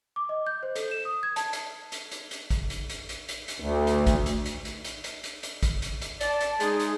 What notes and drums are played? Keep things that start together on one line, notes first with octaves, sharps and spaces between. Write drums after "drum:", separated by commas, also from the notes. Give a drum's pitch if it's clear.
D6
D#5
G6
C5
A4, drum: hi-hat
E7
D#6
G#6
A5, drum: hi-hat
drum: hi-hat
drum: hi-hat
drum: hi-hat
drum: hi-hat
drum: kick A1, hi-hat
drum: hi-hat
drum: hi-hat
drum: hi-hat
drum: hi-hat
drum: hi-hat
D2
drum: hi-hat
drum: kick A1, hi-hat
drum: hi-hat
drum: hi-hat
drum: hi-hat
drum: hi-hat
drum: hi-hat
drum: hi-hat
drum: hi-hat
drum: kick A1, hi-hat
drum: hi-hat
drum: hi-hat
D5 A5, drum: hi-hat
drum: hi-hat
G#3 D#4 G#4, drum: hi-hat
drum: hi-hat